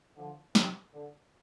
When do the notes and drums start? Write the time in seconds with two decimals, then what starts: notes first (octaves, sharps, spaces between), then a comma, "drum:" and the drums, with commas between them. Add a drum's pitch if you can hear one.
0.17 D3 F3
0.55 C3 D#3, drum: snare
0.94 D3